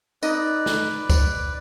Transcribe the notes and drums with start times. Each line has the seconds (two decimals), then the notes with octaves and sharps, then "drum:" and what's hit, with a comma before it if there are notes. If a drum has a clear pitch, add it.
0.23 D#4 B4 D5 D#5, drum: tambourine
0.66 drum: snare
1.10 drum: kick, tambourine